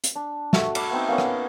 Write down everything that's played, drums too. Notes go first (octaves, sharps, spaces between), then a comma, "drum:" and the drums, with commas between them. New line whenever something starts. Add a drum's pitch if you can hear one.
drum: hi-hat
D4
A3 F#4, drum: snare
B5 D6, drum: cymbal
B3 C4 D#4
A#3 B3 C#4
drum: rim click